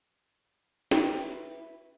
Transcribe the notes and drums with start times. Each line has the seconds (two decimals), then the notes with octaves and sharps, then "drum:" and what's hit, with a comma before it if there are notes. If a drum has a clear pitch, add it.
0.91 E4 F#4 B4 G5, drum: snare